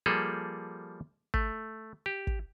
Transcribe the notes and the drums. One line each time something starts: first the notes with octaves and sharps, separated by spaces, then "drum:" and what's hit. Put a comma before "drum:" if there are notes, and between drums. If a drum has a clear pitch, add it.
F3 G3 A#3 G#4 A4
A3, drum: kick
G4
drum: kick